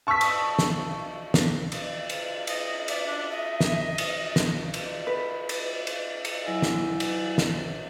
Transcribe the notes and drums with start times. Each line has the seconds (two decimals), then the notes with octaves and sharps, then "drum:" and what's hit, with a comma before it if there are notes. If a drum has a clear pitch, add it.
0.07 A5 C#6 D#6 E6 B6
0.21 drum: cymbal
0.59 drum: snare
1.34 drum: snare
1.72 drum: cymbal
2.10 drum: cymbal
2.47 D#5, drum: cymbal
2.88 D5 E5, drum: cymbal
3.07 D4
3.31 D#5
3.60 drum: snare
3.98 drum: cymbal
4.36 drum: snare
4.74 drum: cymbal
5.07 B4
5.49 drum: cymbal
5.87 drum: cymbal
6.25 drum: cymbal
6.45 F#3 E4 G#5
6.62 drum: snare
7.00 drum: cymbal
7.38 drum: snare